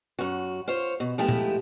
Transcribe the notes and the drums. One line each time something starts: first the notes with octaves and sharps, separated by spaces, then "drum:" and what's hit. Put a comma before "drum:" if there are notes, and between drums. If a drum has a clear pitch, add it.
F#2 F#4
F4 C5 C#5
B2
F3 G#3 A3 B3 E4 G4
drum: tom A#2